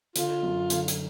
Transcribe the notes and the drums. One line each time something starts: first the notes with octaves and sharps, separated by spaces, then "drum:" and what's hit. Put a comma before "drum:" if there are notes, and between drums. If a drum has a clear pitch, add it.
D3 F4, drum: hi-hat
F#2
D3, drum: hi-hat
drum: hi-hat